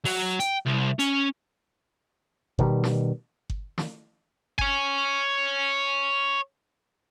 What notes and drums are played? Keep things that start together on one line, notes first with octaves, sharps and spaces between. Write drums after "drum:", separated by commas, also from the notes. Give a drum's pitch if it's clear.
F#3, drum: open hi-hat
G5, drum: hi-hat
C2
C#4, drum: hi-hat
B2 D#3 F#3 G3, drum: kick G1
drum: snare
drum: kick G1
drum: snare
C#5 G#5, drum: kick G1